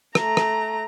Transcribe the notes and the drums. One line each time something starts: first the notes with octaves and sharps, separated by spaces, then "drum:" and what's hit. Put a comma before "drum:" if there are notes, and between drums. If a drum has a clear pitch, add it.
A3 A#5, drum: rim click
drum: rim click